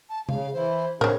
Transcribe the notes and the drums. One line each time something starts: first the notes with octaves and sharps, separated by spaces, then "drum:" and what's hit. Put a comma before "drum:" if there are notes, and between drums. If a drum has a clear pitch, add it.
A5
C#3 F5, drum: tom C3
E3 E4 C5
C4 D4 G#4 A#4 C5 C#5, drum: tom